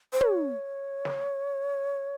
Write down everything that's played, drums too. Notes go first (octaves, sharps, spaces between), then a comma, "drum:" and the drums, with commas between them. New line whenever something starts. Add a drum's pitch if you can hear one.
C5
C#5, drum: tom
drum: snare